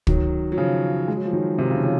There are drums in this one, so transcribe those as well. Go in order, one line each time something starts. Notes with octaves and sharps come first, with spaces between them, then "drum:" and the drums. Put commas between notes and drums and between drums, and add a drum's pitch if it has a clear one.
D#3 F#3, drum: kick
F#3
C#3 F3
G#3
F#3
F3
D#3 F#3
C3 D#3
C#3
D#3
C#3 F3